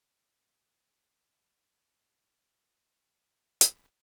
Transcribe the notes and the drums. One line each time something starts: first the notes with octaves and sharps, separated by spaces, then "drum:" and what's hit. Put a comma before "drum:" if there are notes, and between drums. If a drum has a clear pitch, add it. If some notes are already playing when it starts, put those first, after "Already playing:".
E4 A#4
A#3 F#4 C5
C#2 G#4
B2 D3
G2 D4 G#4 C5 G#5
A2 B4 C#5 G5 C6 G6
drum: hi-hat